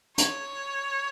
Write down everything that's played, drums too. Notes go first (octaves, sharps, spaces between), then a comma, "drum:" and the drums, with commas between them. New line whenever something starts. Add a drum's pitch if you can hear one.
C#5, drum: hi-hat